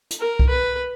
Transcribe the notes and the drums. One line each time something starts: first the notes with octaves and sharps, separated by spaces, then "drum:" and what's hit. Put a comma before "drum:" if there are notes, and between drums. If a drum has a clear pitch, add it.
drum: hi-hat
A#4
drum: kick C2
B4